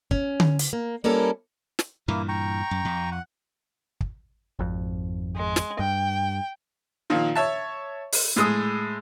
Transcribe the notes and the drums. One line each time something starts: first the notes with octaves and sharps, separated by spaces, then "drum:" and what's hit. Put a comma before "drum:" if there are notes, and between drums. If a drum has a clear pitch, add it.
C#4, drum: kick
drum: tom D3
drum: hi-hat
A#3
G3 A#3 C#4 E4 A4 A#4
drum: snare
G2 A#2 E3 A#3 E4 A#4
G5 A#5 C#6
F#2
F2
F#5
drum: kick
G#1 F2
G#3
drum: snare
G2 G5
A#2 D#3 F3
C#5 E5 A5
drum: open hi-hat
A2 G#3 D#6